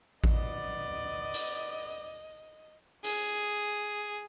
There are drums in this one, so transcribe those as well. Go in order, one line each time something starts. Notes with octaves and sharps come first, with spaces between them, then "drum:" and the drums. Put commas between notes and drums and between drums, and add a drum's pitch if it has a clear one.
B3 D5 D#5, drum: kick A1
drum: hi-hat
G#4, drum: hi-hat